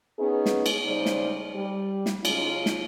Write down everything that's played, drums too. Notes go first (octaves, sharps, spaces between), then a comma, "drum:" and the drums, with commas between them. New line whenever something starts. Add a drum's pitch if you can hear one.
B3 C#4 D#4 G#4
drum: snare
drum: cymbal
C#3 G3 D#4 C5 D5
drum: snare
G3
drum: snare
C#3 F#3 C#4 D#4 F4, drum: cymbal
drum: snare